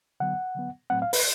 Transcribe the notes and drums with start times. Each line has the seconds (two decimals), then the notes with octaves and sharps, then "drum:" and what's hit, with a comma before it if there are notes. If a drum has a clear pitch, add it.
0.20 D3 F#3 B3 F#5
0.55 D3 F#3 B3
0.90 A2 F#3 A3 C4 F#5
1.02 F5
1.13 B4, drum: open hi-hat